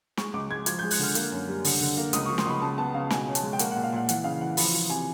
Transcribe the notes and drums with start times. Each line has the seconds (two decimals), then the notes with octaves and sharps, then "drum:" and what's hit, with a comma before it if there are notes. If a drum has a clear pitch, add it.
0.17 G#3 C#6, drum: snare
0.33 C#2 D6
0.50 G#3 G#6
0.66 F3 G#6, drum: hi-hat
0.79 G6
0.83 G#3
0.91 F#6, drum: open hi-hat
0.99 D3 F6
1.15 A#3, drum: hi-hat
1.32 F#2
1.48 G3
1.64 D3, drum: open hi-hat
1.81 D3
1.97 A#3
2.13 C#2 D#6, drum: hi-hat
2.25 C#6
2.29 F3
2.38 C6, drum: snare
2.45 C#2 B5
2.62 C#3 A5
2.78 B3 A5
2.94 C#3 F5
3.10 B2 G#5, drum: snare
3.27 C#4
3.35 A5, drum: hi-hat
3.43 G#3
3.53 G5
3.59 A#3 F#5, drum: hi-hat
3.71 F#5
3.76 A#2
3.83 F5
3.92 A#2 F#5
4.09 E3 F#5, drum: hi-hat
4.24 C#3 F5
4.41 E3 F#5
4.57 F3 B5, drum: open hi-hat
4.74 F3
4.90 C3 G#5